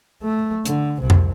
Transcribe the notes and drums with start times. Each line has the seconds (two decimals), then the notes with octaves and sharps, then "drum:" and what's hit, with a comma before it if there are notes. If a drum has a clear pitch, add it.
0.23 A3
0.66 D3, drum: hi-hat
0.98 C2 C3
1.10 drum: tom F2